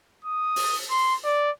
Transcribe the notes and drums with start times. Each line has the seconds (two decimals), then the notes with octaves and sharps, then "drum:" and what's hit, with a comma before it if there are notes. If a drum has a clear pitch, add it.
0.24 D#6
0.56 drum: open hi-hat
0.90 C6
1.25 D5